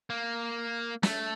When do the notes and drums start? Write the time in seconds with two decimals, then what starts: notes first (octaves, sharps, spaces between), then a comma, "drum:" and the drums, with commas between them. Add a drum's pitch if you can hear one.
0.10 A#3
1.03 A3, drum: snare